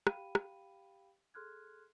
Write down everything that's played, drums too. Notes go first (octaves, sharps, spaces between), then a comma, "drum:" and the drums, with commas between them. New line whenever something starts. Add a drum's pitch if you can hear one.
G4 F5 G5 B5 D#7, drum: rim click
drum: rim click
G#4 A4 C6 F6 F#6 G#6